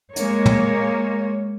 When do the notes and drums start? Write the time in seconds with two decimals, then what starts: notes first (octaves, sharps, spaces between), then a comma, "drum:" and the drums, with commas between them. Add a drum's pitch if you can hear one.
0.16 G#3 A#3 C#5, drum: hi-hat
0.46 drum: tom